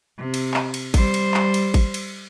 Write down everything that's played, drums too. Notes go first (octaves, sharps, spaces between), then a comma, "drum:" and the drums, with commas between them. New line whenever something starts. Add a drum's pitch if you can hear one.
C3
drum: cymbal
drum: clap
drum: cymbal
G3 C5, drum: kick G#1, cymbal
drum: cymbal
drum: clap
drum: cymbal
drum: kick G#1, cymbal
drum: cymbal